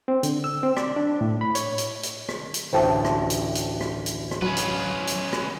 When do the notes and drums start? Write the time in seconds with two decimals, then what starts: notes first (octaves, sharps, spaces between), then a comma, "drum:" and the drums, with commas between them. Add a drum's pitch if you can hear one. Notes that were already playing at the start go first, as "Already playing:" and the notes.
0.08 C4
0.23 D3, drum: hi-hat
0.44 E6
0.63 C4
0.77 D5, drum: rim click
0.96 D4
1.21 A2
1.41 B5
1.55 C#5, drum: hi-hat
1.78 drum: hi-hat
2.03 drum: hi-hat
2.29 drum: rim click
2.54 drum: hi-hat
2.73 A1 D2 A3 C5 G5 A5
3.05 drum: rim click
3.30 drum: hi-hat
3.55 drum: hi-hat
3.81 drum: rim click
4.06 drum: hi-hat
4.31 drum: rim click
4.42 F#3 C#4 B4
4.57 drum: hi-hat
5.07 drum: hi-hat
5.33 drum: rim click